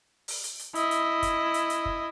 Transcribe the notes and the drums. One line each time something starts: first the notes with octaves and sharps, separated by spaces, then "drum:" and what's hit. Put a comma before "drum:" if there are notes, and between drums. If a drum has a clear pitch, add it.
drum: open hi-hat
drum: hi-hat
drum: hi-hat
E4 D#5, drum: hi-hat
drum: hi-hat
drum: kick, hi-hat
drum: hi-hat
drum: hi-hat
drum: kick